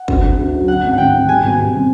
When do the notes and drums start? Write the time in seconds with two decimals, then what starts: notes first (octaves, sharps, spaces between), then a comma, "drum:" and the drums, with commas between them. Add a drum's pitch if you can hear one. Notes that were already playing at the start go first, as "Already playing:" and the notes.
Already playing: F#5
0.08 D2, drum: kick G1
0.22 D3
0.38 D2
0.53 F#3
0.67 D3 F#5
0.83 G#1
0.93 G#1 F#5 G5
1.13 G#1
1.28 G3 G#5
1.44 B2
1.59 G3
1.73 C4